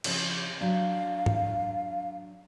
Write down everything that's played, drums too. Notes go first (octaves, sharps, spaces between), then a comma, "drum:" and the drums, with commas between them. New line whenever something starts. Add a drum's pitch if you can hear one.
C#3 F3, drum: cymbal
F#3 D4 F5
drum: tom G#2